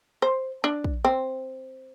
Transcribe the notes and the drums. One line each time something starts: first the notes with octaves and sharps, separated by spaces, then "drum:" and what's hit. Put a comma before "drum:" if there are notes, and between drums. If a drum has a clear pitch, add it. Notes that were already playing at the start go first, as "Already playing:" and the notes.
C5
D4
drum: kick
C4